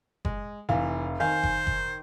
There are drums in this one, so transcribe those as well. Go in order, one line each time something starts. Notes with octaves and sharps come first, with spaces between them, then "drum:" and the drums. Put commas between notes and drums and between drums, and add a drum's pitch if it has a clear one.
G#3, drum: kick F#1
F1 E3 F5
D#3 C5 F5 G#5
drum: kick F#1
drum: kick F#1